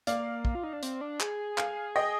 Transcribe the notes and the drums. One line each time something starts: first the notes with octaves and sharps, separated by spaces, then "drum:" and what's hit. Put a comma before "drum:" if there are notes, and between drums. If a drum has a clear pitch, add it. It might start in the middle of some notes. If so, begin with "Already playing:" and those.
A#3 D5 F5, drum: hi-hat
drum: kick
F4
D#4
D4
C4, drum: hi-hat
D4
G#4, drum: clap
F5 G#5, drum: clap
D#5 G5